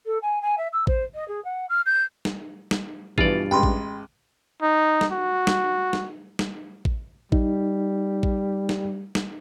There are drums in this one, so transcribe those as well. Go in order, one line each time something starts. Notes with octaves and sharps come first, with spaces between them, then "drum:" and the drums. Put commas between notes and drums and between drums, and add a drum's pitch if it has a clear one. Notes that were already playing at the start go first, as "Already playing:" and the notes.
A4
G#5
G#5
E5
E6
C5, drum: kick A1
D#5
G#4
F#5
F6
G6
drum: snare
drum: snare
G2 B2 E3 F3 F4 D5, drum: kick A1
A1 G#3 G5 B5 C6
drum: kick A1
D#4
drum: snare
F#4
drum: snare
drum: snare
drum: snare
drum: kick A1
G3 D#4, drum: kick A1
drum: kick A1
drum: snare
drum: snare